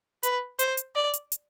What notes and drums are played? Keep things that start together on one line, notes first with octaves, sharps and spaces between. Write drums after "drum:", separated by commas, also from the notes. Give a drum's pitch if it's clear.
B4, drum: hi-hat
C5, drum: hi-hat
drum: hi-hat
D5
drum: hi-hat
drum: hi-hat